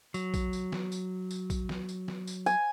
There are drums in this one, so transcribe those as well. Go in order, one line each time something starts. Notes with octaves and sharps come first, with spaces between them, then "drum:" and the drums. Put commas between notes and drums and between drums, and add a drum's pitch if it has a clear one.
F#3, drum: tambourine
drum: kick A#1, tambourine
drum: tambourine
drum: snare
drum: tambourine
drum: tambourine
drum: kick A#1, tambourine
drum: snare
drum: tambourine
drum: snare
drum: tambourine
G#5, drum: tambourine